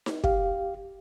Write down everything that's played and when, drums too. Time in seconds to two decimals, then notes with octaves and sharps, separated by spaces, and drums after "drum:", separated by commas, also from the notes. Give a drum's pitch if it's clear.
0.06 drum: snare D#4
0.24 G4 F5, drum: kick